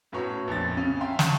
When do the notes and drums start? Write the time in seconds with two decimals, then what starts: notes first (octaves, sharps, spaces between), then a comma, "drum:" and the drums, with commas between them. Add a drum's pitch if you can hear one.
0.12 F#2 A2 B3 F#4 C#5 A#5
0.48 A#1 F2 A6
0.77 C#3 C#4
1.01 E5 F5 G5 A#5 C6
1.19 C#6, drum: snare